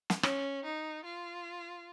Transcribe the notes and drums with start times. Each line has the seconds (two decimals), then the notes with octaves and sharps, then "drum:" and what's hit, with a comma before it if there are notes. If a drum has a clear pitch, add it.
0.10 drum: snare
0.23 C#4, drum: rim click
0.64 D#4
1.05 F4